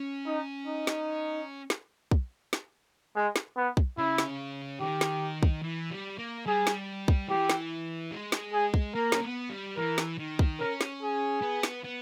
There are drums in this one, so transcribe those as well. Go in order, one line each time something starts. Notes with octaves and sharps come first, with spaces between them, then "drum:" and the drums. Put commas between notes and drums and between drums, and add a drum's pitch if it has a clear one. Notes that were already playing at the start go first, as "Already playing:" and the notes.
Already playing: C#4
D#4
D#4
drum: snare
drum: snare
drum: kick
drum: snare
G#3
drum: snare
B3
drum: kick
C#3 E4
drum: snare
D#3 G4
drum: snare
drum: kick
E3
G3
A#3
G3 G#4
drum: snare
drum: kick
E3 G4
drum: snare
G#3
drum: snare
G#4
drum: kick
A#3 A#4
C#4, drum: snare
B3
G3
E3 A#4
drum: snare
D#3
drum: kick
C#4 A#4
drum: snare
G#4
B3
drum: snare
B3